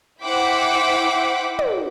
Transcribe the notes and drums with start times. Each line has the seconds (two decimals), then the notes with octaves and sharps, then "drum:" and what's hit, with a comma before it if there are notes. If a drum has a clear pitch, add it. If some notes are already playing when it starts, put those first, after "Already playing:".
0.24 E4 C5 F#5 G5 D6 B6
1.59 drum: tom